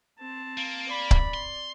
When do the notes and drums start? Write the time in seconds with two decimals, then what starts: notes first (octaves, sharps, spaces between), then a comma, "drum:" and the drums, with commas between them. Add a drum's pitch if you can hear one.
0.19 C4 A5
0.58 A#3
0.91 D5 B5
1.11 drum: kick C#1
1.34 C6